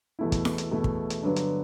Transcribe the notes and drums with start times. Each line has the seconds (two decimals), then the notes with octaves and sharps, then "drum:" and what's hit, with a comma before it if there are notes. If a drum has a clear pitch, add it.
0.19 E2 B2 A3 E4
0.32 drum: kick, hi-hat
0.45 drum: snare E4
0.58 drum: hi-hat
0.71 E2 B2 A3 E4
0.84 drum: kick
1.10 drum: hi-hat
1.23 G2 D3 F#3 B3 D4
1.36 drum: hi-hat